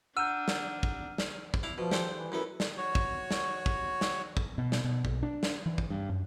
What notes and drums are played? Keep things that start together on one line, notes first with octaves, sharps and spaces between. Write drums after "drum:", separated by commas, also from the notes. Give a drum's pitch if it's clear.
D4 F#5 A#5 E6 F6 G6 D#7
drum: snare
drum: kick
drum: snare
drum: kick
D4 E4 F5
B2 F3
G4 A4 C5, drum: snare
E3
F#2 B3 E4 A4
drum: snare
F#4 C#5
drum: kick
drum: snare
drum: kick
drum: snare
drum: kick
B2
drum: snare
B2
B1, drum: kick
D4
drum: snare
E3
drum: kick
G2
F#2